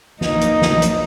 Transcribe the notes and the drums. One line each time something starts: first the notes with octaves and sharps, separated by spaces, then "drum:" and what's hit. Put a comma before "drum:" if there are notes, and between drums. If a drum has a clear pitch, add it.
A#3 D#4, drum: snare
drum: hi-hat
drum: snare
drum: hi-hat